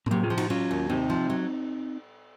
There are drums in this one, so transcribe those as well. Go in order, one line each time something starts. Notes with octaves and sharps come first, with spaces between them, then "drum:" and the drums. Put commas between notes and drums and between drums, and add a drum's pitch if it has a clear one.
C4, drum: tom A2
C3 F#3 A#3
F4 G#4
F3
D#4 F#4, drum: cymbal
F#3 C#4 F4
D#2
C3 C4 D#4
F3
F#3